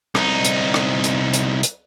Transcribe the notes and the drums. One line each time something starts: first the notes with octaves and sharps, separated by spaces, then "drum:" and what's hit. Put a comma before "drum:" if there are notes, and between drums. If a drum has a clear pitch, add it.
C2 D#4, drum: rim click
drum: hi-hat
drum: rim click
drum: hi-hat
drum: hi-hat
drum: hi-hat